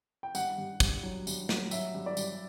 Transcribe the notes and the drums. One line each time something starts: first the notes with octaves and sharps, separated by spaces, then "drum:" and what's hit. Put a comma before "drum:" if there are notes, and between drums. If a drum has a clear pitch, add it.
G5
G2 F#5, drum: tambourine
G2
G2, drum: kick, tambourine
F#3
G2, drum: tambourine
F#3, drum: snare
F#3 E5, drum: tambourine
G2
D5
G2, drum: tambourine